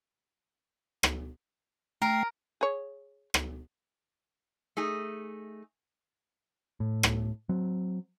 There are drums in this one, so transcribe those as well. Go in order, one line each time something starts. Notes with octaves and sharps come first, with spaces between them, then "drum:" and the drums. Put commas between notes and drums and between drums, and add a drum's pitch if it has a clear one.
drum: rim click
A3 A#4 G5 C7
G#4 C#5
drum: rim click
A3 D#4 G#4
A2
drum: rim click
F#3 C4